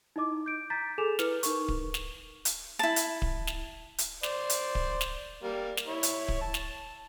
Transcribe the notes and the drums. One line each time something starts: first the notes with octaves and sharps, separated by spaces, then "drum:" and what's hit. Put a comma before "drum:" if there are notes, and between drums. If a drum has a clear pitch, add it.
D#4 E4 D#5 D6
G6 D7
A#5 G6 A6 B6
G#4 A4 G#5 D6 E7 F7
E4 B4 F6 C#7, drum: snare
D#4 A#4 C#6, drum: hi-hat
drum: kick D1
drum: snare
drum: hi-hat
E4 A5
drum: hi-hat
drum: kick D1
drum: snare
drum: hi-hat
C5 D5, drum: snare
drum: hi-hat
drum: kick D1
drum: snare
G3 A#3
drum: snare
E4 C#5
drum: hi-hat
drum: kick D1
A5
drum: snare